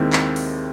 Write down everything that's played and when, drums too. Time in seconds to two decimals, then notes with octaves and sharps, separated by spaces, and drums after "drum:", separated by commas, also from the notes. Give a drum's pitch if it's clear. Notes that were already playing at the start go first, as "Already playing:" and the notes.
Already playing: D#2 D#3 G#3 C4 E4
0.13 drum: clap
0.36 drum: open hi-hat